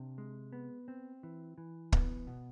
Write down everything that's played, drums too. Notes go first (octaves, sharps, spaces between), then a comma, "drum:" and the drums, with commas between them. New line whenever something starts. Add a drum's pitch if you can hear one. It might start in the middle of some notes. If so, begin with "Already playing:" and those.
Already playing: C3 D4
G#3
B3
C4
E3
E3
B3, drum: kick
B2